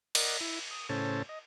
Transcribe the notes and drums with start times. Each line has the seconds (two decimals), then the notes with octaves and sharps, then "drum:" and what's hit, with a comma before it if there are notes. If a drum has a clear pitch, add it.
0.15 A#4 D5 D#5 F#5, drum: cymbal
0.41 E4
0.71 D#6
0.89 A2 C#3 C#4 A4 C5 A5
1.29 D#5